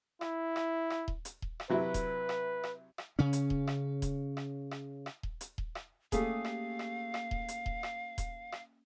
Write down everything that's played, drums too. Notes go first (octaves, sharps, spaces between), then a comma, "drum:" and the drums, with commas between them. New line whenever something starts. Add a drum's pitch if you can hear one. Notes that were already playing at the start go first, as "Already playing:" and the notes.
E4, drum: rim click
drum: rim click
drum: rim click
drum: kick D#1
drum: hi-hat
drum: kick D#1
drum: rim click
C3 F#3 E4 B4
drum: kick D#1, hi-hat
drum: rim click
drum: rim click
drum: rim click
C#3 C#4
drum: hi-hat
drum: kick D#1
drum: rim click
drum: kick D#1, hi-hat
drum: rim click
drum: rim click
drum: rim click
drum: kick D#1
drum: hi-hat
drum: kick D#1
drum: rim click
A3 A#3 C#4 G4 G#4 F5, drum: kick D#1, hi-hat
drum: rim click
drum: rim click
drum: rim click
drum: kick D#1
drum: hi-hat
drum: kick D#1
drum: rim click
drum: kick D#1, hi-hat
drum: rim click